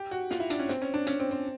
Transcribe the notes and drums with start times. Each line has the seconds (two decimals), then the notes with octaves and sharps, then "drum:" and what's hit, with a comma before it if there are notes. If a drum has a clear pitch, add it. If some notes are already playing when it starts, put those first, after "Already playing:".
Already playing: G4
0.11 F#4
0.31 F4, drum: snare
0.40 E4
0.50 D4, drum: hi-hat
0.59 C#4
0.69 C4, drum: snare
0.82 C#4
0.94 D4
1.07 C#4, drum: hi-hat
1.20 C4
1.31 C4